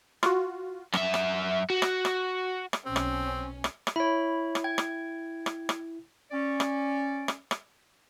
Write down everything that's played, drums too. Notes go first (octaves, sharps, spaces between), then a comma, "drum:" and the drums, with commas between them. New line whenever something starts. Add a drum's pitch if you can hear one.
F4 F#4, drum: rim click
F#2 E5, drum: rim click
drum: rim click
F#4
drum: rim click
drum: rim click
drum: rim click
B1 C4 C#4
drum: rim click
drum: rim click
drum: rim click
E4 C#5 B5
drum: rim click
G5 G#6
drum: rim click
drum: rim click
drum: rim click
C#4 D5
drum: rim click
drum: rim click
drum: rim click